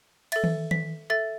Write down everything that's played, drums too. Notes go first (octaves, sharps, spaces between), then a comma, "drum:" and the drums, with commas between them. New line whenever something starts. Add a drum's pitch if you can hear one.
A4 E5 A6, drum: cymbal
drum: tom D#3
B6, drum: tom D#3
A4 E5 A6